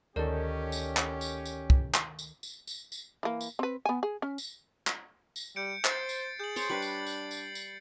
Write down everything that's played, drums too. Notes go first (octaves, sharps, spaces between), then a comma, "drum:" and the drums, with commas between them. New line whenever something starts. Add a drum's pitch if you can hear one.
D2 D#3 C#4 G4 A4 A#4 D5
drum: tambourine
drum: clap
drum: tambourine
drum: tambourine
drum: kick
drum: clap
drum: tambourine
drum: tambourine
drum: tambourine
drum: tambourine
E3 A#3
drum: tambourine
C4 B4
B3 G#5
G#4
C#4
drum: tambourine
drum: clap
drum: tambourine
G3 G6 C#7 D7
C5 A6 C7, drum: clap
drum: tambourine
G#4 G6 F#7
C5 C#5 A6 C#7, drum: tambourine
G3 D4 B4 C7 F#7
drum: tambourine
drum: tambourine
drum: tambourine
drum: tambourine